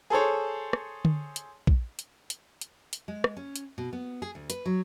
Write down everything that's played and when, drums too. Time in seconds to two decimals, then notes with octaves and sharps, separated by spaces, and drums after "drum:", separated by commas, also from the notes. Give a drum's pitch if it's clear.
0.10 G#4 A4 C5 C#5
0.73 drum: rim click
1.05 drum: tom D3
1.36 drum: hi-hat
1.67 drum: kick
1.99 drum: hi-hat
2.30 drum: hi-hat
2.61 drum: hi-hat
2.93 drum: hi-hat
3.08 G#3
3.24 drum: rim click
3.37 C#4
3.56 drum: hi-hat
3.78 B2
3.93 B3
4.22 G#4
4.35 D2
4.50 B4, drum: hi-hat
4.66 F#3